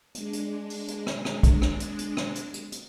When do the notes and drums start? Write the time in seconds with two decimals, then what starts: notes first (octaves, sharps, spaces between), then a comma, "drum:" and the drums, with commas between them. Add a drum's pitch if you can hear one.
0.15 G#3 D4, drum: hi-hat
0.33 drum: hi-hat
0.70 drum: open hi-hat
0.88 drum: hi-hat
1.07 drum: rim click
1.25 drum: rim click
1.43 drum: kick, hi-hat
1.62 drum: rim click
1.80 drum: hi-hat
1.99 drum: hi-hat
2.17 drum: rim click
2.35 drum: hi-hat
2.54 drum: hi-hat
2.72 drum: hi-hat